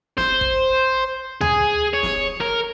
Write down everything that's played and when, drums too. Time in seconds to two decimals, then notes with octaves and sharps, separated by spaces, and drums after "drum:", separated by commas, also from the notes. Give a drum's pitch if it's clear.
0.18 C5, drum: snare
0.41 drum: kick
1.41 G#4, drum: tom D2
1.93 C#5
2.03 drum: snare
2.40 A#4